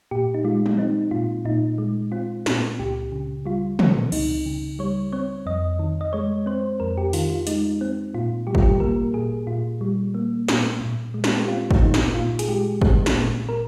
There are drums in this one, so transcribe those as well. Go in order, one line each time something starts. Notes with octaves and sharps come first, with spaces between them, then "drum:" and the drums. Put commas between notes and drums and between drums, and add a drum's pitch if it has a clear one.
A#2 G4
D#4
G#3 F4
drum: tom
C4 D#4
A#2 F4
A#2 D#4
G#3
C4 F4
A#2, drum: snare
C#2 G4
C#3
G3 F4
C4, drum: tom
C#2 D#4, drum: cymbal
C#3
G3 C#5
C4 C#5
F2 D#5
D#3
D#5
G#3 C#5
C4 C5
F2 A#4
G4
D#3 F4, drum: open hi-hat
F4
G#3 D#4, drum: hi-hat
C4
A#2 F4
G3 G4
F4, drum: kick
G4
A#3 A#4
A#2 G#4
A#2 F4
G3
A#3
A#2, drum: snare
A#2
G#3
drum: snare
G4
C4 F4
drum: kick
A#2 D#4
drum: snare
A#2 F4
G#4, drum: hi-hat
G#3 G4
C4 G#4, drum: kick
drum: snare
A#2
A#4